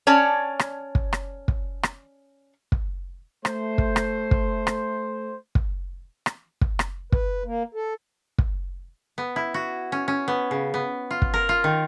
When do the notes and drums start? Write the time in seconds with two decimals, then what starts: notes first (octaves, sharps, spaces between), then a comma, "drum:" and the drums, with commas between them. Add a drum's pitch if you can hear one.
0.07 C#4 C#5 D5 A5
0.59 drum: rim click
0.95 drum: kick
1.13 drum: rim click
1.48 drum: kick
1.83 drum: rim click
2.72 drum: kick
3.45 A3 C5, drum: rim click
3.78 drum: kick
3.96 drum: rim click
4.31 drum: kick
4.67 drum: rim click
5.55 drum: kick
6.26 drum: rim click
6.61 drum: kick
6.79 drum: rim click
7.12 B4, drum: kick
7.45 A#3
7.74 A4
8.38 drum: kick
9.18 B3
9.36 E4
9.54 F#4
9.92 C#4
10.08 C#4
10.28 B3
10.51 C#3
10.74 B3
11.11 F4
11.22 drum: kick
11.34 A#4
11.49 F4
11.64 D#3